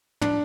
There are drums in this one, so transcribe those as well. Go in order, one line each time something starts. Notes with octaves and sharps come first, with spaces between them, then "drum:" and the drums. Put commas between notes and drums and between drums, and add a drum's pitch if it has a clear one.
D4, drum: tom